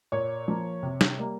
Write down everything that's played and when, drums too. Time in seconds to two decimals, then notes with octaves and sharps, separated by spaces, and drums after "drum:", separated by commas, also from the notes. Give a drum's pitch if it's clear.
0.12 A#2 C#5
0.48 F3 A#3
0.83 C3
1.01 drum: snare
1.18 G3 A#3